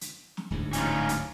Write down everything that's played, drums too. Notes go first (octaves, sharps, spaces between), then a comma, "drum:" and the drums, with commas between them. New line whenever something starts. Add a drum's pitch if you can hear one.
drum: hi-hat
drum: snare
D1 D2 G#2
C#4 D#4 F4, drum: hi-hat
drum: hi-hat